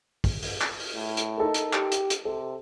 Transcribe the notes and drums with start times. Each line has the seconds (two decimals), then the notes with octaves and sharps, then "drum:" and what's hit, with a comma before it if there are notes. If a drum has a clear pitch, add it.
0.24 drum: kick, open hi-hat
0.43 drum: open hi-hat
0.61 drum: clap
0.80 drum: open hi-hat
0.95 A2
1.17 drum: hi-hat
1.38 D#4 A4 A#4
1.54 drum: hi-hat
1.73 G4, drum: clap
1.92 drum: hi-hat
2.10 drum: hi-hat
2.25 C3 A4